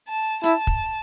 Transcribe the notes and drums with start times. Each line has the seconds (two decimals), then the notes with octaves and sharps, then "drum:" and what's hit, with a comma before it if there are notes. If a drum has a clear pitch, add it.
0.09 A5
0.43 E4 A5, drum: hi-hat
0.67 drum: kick